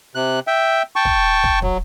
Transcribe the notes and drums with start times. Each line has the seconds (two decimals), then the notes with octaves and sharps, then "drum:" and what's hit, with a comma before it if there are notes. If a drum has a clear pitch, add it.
0.15 C3 F#6
0.47 E5 G5
0.96 G5 A5 C#6
1.05 drum: kick
1.44 drum: kick
1.62 F#3, drum: kick